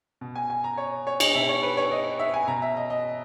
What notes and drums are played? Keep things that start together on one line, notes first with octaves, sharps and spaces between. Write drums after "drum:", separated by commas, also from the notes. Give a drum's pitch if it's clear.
B2
G#5
G#5
A#5
C#5
C#5
D#5, drum: cymbal
B2 E5
C#5
B4
C#5
D#5
E5
G#5
B2 A#5
E5
D#5
D#5